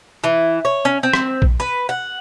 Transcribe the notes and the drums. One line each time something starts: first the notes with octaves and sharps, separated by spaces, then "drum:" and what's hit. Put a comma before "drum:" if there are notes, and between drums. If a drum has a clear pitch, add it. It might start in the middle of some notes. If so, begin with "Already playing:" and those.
E3
C#5
C#4
C4
drum: rim click
drum: kick A#1
B4
F#5